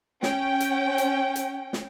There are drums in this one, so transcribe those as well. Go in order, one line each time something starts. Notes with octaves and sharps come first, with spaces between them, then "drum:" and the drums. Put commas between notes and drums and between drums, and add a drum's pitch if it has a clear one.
C#4 G5, drum: snare
drum: hi-hat
drum: hi-hat
drum: hi-hat
drum: snare